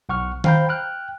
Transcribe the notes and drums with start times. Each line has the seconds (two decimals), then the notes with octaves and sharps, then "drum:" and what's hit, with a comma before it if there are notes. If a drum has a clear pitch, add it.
0.09 B1 F#5 C#6 F6
0.44 C5 F5 G5 A#5 B5 G6, drum: tom D#3
0.69 G5 F6 F#6